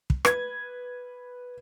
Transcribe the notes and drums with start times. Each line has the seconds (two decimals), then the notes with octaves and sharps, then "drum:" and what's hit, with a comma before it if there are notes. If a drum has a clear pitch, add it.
0.10 drum: kick
0.25 B4 G#6, drum: rim click